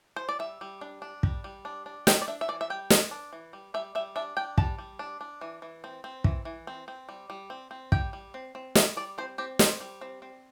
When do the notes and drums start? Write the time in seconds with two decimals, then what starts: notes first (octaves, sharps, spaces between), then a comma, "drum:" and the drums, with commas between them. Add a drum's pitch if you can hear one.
0.16 C5
0.29 D5
0.39 G3 E5
0.61 G3
0.81 D4
1.02 D4
1.23 G3, drum: kick
1.44 G3
1.65 D4
1.86 D4
2.07 E3 G5, drum: snare
2.22 D5
2.28 D4 E5
2.41 E5
2.48 E3 D5
2.61 E5
2.70 G3 G5
2.90 E3, drum: snare
3.11 D4
3.33 E3
3.53 G3
3.74 G3 E5
3.95 G3 E5
4.16 D4 E5
4.37 D4 G5
4.58 G3 A5, drum: kick
4.79 G3
4.99 D4
5.21 D4
5.41 E3
5.62 E3
5.84 C4
6.04 C4
6.24 E3, drum: kick
6.45 E3
6.67 C4
6.88 C4
7.09 G3
7.30 G3
7.50 C4
7.71 C4
7.92 G3 G5, drum: kick
8.13 G3
8.34 C4
8.55 C4
8.75 G3 E5, drum: snare
8.96 G3 D5
9.18 C4 C5
9.38 C4 G4
9.59 G3 C5, drum: snare
9.80 G3
10.01 C4
10.22 C4